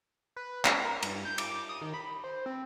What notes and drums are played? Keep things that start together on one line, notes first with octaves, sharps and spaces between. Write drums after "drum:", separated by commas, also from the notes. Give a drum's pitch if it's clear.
B4
A#5, drum: clap
A#4
G2, drum: cymbal
G6
D6, drum: cymbal
D#6
D#3
B5
C5
C4